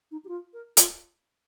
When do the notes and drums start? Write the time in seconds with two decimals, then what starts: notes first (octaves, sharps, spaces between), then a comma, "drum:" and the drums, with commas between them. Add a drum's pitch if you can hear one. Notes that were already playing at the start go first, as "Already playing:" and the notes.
0.11 D#4
0.24 G4
0.28 F4
0.53 A#4
0.77 F4, drum: hi-hat